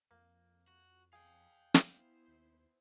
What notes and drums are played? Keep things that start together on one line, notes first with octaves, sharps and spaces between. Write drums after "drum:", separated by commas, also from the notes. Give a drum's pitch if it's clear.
F2 A#3
F#4
G#4 F5 G5
drum: snare
B3 E4 C5
D#2